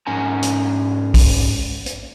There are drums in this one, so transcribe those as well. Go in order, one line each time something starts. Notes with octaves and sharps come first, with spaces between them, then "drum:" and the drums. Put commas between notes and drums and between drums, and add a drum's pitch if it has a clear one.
G#2 C#4 A#4 F#5 G#5 A#5
drum: hi-hat
drum: kick, open hi-hat
drum: hi-hat